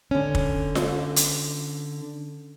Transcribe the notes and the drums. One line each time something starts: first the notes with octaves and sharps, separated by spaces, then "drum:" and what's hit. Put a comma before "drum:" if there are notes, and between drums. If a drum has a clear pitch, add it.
D3 C#4
drum: kick
drum: snare F4
drum: hi-hat